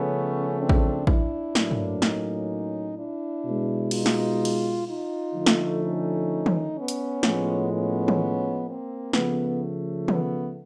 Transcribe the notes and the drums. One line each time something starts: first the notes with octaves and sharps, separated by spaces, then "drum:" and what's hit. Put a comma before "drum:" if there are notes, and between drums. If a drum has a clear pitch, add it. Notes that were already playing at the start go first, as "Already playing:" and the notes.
Already playing: C#3 F3 A3 B3 C#4
C4 D4
drum: kick A1
D4 E4, drum: kick A1
A2 F#3 A#3, drum: snare
drum: tom
C#4 D#4, drum: snare
D4 E4
B2 G#3
D#4 F4, drum: cymbal
drum: snare
drum: cymbal
D#4 F4
D3 F3 A3
drum: snare
C#4 D#4
drum: tom
B3 C#4
drum: hi-hat
A2 F3 G#3, drum: snare
B3 C#4
drum: tom
A#3 C4
C#3 F3 A3 B3, drum: snare
B3, drum: tom